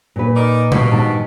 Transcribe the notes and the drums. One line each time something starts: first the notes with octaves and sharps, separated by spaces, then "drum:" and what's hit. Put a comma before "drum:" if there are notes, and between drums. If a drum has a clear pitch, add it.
A#2 B4
D#4 A#4 D5
G2 B2, drum: tom A#2
G#2 D#3 A5